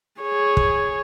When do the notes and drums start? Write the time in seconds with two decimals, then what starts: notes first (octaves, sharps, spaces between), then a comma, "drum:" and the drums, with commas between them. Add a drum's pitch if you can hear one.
0.21 G#4 C#5
0.57 drum: kick